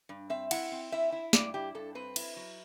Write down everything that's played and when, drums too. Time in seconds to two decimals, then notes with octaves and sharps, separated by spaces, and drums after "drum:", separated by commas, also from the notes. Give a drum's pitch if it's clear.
0.09 G2
0.30 C4 E5
0.51 E4 F#5, drum: cymbal
0.72 C4
0.92 E4 E5
1.12 E4
1.33 G2 D5, drum: snare
1.54 E4 G4
1.75 G2 A4
1.95 C4 B4
2.16 E4, drum: cymbal
2.36 F#3